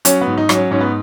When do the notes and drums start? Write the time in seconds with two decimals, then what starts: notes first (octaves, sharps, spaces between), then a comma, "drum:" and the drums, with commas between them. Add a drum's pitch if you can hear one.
0.05 F#3 C#4, drum: hi-hat
0.21 B3
0.27 G#2
0.37 D#4
0.49 F#3, drum: rim click
0.55 C#4
0.71 G#2 C#4
0.81 B3